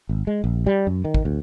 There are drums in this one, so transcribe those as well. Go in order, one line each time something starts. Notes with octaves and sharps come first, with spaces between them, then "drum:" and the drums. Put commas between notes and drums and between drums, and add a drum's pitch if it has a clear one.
G#1
G#3
A#1
G3
F#2
D#3
drum: kick
D2